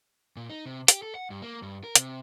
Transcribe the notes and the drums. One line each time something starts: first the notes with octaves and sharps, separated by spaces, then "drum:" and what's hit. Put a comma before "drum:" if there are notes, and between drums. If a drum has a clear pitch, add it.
A#2
D#4
C3
G4, drum: hi-hat
A4
F#5
G2
A#3
G2
A#4
C3, drum: hi-hat